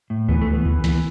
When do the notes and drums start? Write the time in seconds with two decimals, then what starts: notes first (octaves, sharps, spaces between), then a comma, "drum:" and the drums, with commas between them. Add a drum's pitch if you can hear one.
0.10 A2
0.29 E3 B3, drum: kick C#2
0.41 A3
0.48 E3
0.53 B3
0.65 E3, drum: kick C#2
0.84 E3, drum: snare